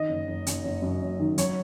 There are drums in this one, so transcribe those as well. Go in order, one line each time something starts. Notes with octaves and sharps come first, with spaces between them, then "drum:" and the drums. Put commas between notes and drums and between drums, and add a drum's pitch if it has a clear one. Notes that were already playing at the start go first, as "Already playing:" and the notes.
Already playing: D#3 D#5
F#1
F#1
F#1, drum: hi-hat
F#1
F#2
F#1
D#3
F#3 C#5, drum: hi-hat